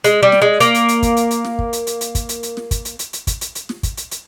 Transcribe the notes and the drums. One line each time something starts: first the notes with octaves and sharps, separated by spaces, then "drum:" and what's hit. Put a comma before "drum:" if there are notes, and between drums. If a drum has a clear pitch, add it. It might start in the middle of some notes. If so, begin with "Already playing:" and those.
G#3, drum: hi-hat
G3
drum: snare
G#3
A#3, drum: hi-hat
drum: hi-hat
drum: hi-hat
drum: kick, hi-hat
drum: hi-hat
drum: hi-hat
drum: snare
drum: kick
drum: hi-hat
drum: hi-hat
drum: hi-hat
drum: kick, hi-hat
drum: hi-hat
drum: hi-hat
drum: snare
drum: kick, hi-hat
drum: hi-hat
drum: hi-hat
drum: hi-hat
drum: kick, hi-hat
drum: hi-hat
drum: hi-hat
drum: snare
drum: kick, hi-hat
drum: hi-hat
drum: hi-hat